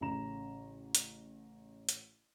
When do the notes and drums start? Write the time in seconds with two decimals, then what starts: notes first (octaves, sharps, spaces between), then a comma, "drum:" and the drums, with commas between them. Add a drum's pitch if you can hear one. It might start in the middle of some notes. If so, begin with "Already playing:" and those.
0.01 A1 C#3 C#4 A#5 E7
0.95 drum: hi-hat
1.89 drum: hi-hat